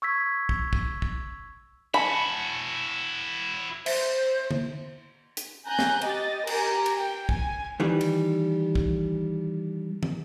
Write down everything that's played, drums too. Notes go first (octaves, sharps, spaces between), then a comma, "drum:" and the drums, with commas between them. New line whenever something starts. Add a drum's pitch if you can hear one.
C#6 E6 G#6 B6
drum: kick
drum: kick
drum: kick
E4 F#4 C#5 G#5 A5 B5
C5 E5, drum: cymbal
drum: tom D3
drum: hi-hat
G#5 A#5 F#6 G6
drum: snare
G4 D#5 A6, drum: cymbal
G4 A#4 G#5 A#5, drum: cymbal
drum: cymbal
G5
G#5, drum: kick
D#3 E3 G3
drum: cymbal
drum: kick
drum: tom